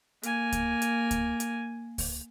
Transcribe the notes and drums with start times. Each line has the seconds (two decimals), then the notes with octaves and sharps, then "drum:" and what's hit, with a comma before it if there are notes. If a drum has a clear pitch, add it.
0.23 A#3 G#5, drum: hi-hat
0.52 drum: kick C#2, hi-hat
0.82 drum: hi-hat
1.11 drum: kick C#2, hi-hat
1.40 drum: hi-hat
1.98 drum: kick C#2, open hi-hat